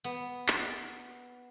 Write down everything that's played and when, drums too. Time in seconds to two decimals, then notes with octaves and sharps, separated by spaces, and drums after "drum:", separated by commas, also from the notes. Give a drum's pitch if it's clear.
0.04 B3, drum: hi-hat
0.48 drum: clap